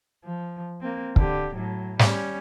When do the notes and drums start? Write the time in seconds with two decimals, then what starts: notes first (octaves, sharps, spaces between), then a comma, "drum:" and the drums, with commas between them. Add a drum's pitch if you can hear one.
0.24 F3
0.81 A#3 C4
1.16 D3 G4, drum: kick
1.55 A2 F#3
1.99 G3 C#4, drum: snare